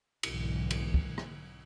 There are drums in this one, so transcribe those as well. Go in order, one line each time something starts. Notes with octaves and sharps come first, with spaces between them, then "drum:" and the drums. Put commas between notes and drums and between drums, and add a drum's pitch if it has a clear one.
B1 G#2 D3 E3, drum: cymbal
drum: cymbal
drum: kick
drum: rim click